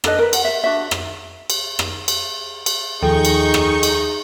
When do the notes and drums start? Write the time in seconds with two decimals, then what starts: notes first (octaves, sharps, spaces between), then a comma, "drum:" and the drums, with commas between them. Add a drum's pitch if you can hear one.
0.04 D4 A4 B4 D#5, drum: rim click
0.19 A#4 B4
0.33 F#5, drum: cymbal
0.45 A#4 E5
0.64 D4 F#4 E5
0.91 drum: rim click
1.50 drum: cymbal
1.79 drum: rim click
2.08 drum: cymbal
2.66 drum: cymbal
3.02 D#2 F3 D#4 G#4 A4 G5 C#6 G6
3.25 drum: cymbal
3.54 drum: rim click
3.83 drum: cymbal